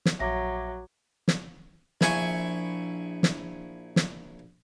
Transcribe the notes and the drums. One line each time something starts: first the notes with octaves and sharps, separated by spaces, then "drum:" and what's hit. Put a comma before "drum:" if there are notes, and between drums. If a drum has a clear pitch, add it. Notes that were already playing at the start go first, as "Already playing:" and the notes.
drum: snare
A#1 F#3 E5 D6 G#6 A#6
drum: snare
A#1 E4 G#5 C#6, drum: snare
drum: snare
drum: snare